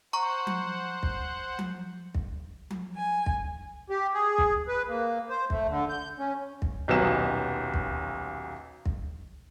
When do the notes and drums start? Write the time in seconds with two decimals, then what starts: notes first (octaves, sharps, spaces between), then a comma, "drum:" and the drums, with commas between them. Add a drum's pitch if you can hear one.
0.13 C5 F#5 A#5 C#6
0.47 drum: tom F3
1.03 drum: kick
1.59 drum: tom F3
2.15 drum: kick
2.70 drum: tom F3
2.96 G#5
3.26 drum: kick
3.90 G4
4.14 G#4
4.38 drum: kick
4.68 B4
4.89 A#3
5.29 C5
5.50 A3, drum: kick
5.69 D3
5.89 G6
6.18 C#4
6.62 drum: kick
6.88 D#1 B1 F#3 B3 E7
7.74 drum: kick
8.86 drum: kick